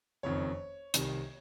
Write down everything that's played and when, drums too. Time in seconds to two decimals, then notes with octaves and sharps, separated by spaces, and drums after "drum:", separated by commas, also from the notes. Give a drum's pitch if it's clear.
0.23 F#1 F2 D#3 C#5
0.94 C2 C3 D#3, drum: hi-hat